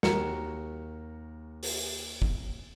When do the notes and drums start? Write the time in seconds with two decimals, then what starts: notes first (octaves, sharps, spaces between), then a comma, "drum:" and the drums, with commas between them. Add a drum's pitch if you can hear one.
0.03 D#2 F#4 A#4 A#5 C#7, drum: snare
1.63 drum: open hi-hat
2.22 drum: kick